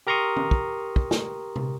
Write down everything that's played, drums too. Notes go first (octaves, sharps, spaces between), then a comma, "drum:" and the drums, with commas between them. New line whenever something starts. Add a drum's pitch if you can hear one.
G4 A#4 A#5 C6 C#6 D#6
drum: tom
drum: kick
drum: kick
drum: snare
drum: tom C3